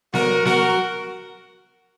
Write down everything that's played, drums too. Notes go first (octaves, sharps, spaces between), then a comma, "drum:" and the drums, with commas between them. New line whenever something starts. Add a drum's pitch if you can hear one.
D3 F#3 A#3 F#4 A#4, drum: snare B3
F#4 A#4, drum: snare B3